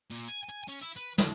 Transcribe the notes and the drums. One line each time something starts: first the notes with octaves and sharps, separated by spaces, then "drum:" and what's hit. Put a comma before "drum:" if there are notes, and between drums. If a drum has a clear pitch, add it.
A#2
G#5
G#5
C#4
E4
B4
D4, drum: snare